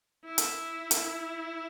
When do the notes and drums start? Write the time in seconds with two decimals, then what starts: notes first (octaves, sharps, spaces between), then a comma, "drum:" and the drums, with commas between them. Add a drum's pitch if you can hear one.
0.25 E4
0.38 drum: hi-hat
0.91 drum: hi-hat